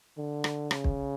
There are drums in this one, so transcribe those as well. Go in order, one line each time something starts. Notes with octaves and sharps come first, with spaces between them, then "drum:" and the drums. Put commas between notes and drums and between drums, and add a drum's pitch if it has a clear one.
D3
drum: rim click
C#3, drum: rim click
drum: kick